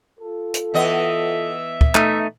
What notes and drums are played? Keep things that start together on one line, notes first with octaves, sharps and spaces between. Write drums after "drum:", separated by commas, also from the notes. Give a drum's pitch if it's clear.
F4 A4
drum: hi-hat
E3 B3 D#5 E5
drum: kick
A3 D#4, drum: clap